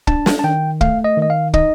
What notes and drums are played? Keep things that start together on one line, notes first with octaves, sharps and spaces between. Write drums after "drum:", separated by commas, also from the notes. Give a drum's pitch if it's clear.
D4 A5, drum: kick
drum: snare
A5
D#3 G5
A3 F5, drum: kick
D#5
D#3 D#5
F5
D#4 D#5, drum: kick